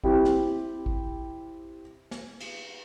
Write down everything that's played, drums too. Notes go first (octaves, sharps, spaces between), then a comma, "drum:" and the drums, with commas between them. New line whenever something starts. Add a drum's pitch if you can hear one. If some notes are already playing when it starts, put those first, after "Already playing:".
C4 E4 G4, drum: kick A1
drum: snare
drum: kick A1
drum: snare
drum: cymbal